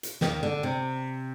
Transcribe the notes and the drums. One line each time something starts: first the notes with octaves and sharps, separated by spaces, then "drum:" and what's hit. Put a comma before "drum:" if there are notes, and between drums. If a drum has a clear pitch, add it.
drum: hi-hat
D#2 D#3, drum: snare
D3
C3